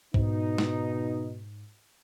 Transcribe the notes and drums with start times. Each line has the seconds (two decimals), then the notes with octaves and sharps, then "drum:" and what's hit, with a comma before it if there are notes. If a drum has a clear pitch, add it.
0.14 G#2 B2 D#4, drum: kick
0.58 drum: snare